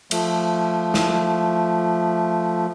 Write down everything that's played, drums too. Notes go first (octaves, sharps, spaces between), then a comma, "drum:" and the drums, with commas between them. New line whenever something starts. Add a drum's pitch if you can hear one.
F3 A3, drum: cymbal
drum: snare